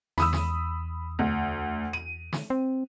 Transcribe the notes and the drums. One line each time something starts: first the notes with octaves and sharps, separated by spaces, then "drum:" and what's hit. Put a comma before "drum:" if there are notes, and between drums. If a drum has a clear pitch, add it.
E2 B5 D#6 E6, drum: snare
drum: snare
D2
D#7
drum: snare
C4